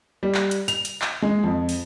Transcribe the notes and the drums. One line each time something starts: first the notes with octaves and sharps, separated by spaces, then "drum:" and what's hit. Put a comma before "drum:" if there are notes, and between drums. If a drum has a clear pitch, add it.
G3
drum: clap
drum: hi-hat
F7, drum: hi-hat
drum: hi-hat
drum: clap
G#3
F2
drum: open hi-hat